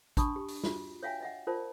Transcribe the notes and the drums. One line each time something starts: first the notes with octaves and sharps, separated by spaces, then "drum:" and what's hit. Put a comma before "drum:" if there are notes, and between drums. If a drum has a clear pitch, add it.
D4 A5 B5 C#6 D#6, drum: kick, hi-hat
G4
drum: open hi-hat
F4 F#4, drum: snare
C#5 E5 F5 G5 G#5
D#5 E5 F#5
F4 A#4 C5 D5 A5